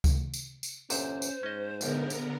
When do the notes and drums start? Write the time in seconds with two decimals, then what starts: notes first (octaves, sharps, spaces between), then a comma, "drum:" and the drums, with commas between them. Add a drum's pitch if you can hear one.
0.04 drum: kick C#2, tambourine
0.34 drum: tambourine
0.63 drum: tambourine
0.90 G1 E2 A#2 C#4 C5, drum: tambourine
1.22 drum: tambourine
1.43 G#2 C#4 D#5
1.81 A#1 D#2 D3 B3 A#4, drum: tambourine
2.10 drum: tambourine